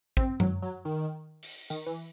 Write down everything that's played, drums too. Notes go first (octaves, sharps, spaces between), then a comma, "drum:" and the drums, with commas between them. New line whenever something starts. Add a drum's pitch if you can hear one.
C4, drum: kick
F#3, drum: tom F#2
F#3
D#3
drum: open hi-hat
D#3, drum: tambourine
E3